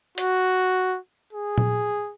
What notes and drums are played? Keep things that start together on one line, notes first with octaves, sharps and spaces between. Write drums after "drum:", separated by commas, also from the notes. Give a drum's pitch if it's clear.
F#4, drum: hi-hat
G#4
drum: tom A#2